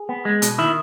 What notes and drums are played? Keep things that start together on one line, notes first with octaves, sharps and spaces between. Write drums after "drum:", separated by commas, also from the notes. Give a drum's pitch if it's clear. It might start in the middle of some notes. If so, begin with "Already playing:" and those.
Already playing: G#4
B3
G#3
B2, drum: hi-hat
D#3 E4